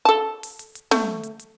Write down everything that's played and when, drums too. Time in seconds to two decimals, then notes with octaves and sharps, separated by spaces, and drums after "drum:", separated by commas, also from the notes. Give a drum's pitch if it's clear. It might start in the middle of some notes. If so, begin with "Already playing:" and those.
0.05 A4 A5
0.43 drum: open hi-hat
0.59 drum: hi-hat
0.75 drum: hi-hat
0.91 A3, drum: snare
1.23 drum: hi-hat
1.39 drum: hi-hat